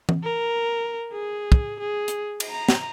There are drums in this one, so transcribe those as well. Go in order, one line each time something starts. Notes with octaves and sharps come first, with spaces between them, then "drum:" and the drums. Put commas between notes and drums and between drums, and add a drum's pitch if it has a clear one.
drum: tom E3
A#4
G#4
drum: kick
G#4
drum: hi-hat
drum: cymbal
A#5
drum: snare